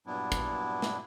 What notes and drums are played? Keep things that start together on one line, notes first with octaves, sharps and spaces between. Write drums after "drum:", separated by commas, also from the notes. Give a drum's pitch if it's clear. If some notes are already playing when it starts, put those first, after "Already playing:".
G2 A#2 F#3 B3 D4 E4
drum: kick, hi-hat
drum: snare